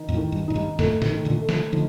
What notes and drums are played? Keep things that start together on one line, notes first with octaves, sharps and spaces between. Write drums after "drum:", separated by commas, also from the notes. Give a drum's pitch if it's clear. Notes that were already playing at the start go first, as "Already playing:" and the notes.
Already playing: D#3 D#4
F2 A2
D#3
G2
A2 D#4
G2
F2 A2 A3, drum: snare
A2 C3, drum: snare
D#3
A#2 D3
A3
D3 F3, drum: snare
D3 F3 D#4